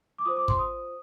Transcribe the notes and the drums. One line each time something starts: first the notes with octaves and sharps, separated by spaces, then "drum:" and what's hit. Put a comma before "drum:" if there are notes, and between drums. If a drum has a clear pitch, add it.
D6
F4 C5 D#6
D6
C6, drum: kick
D#6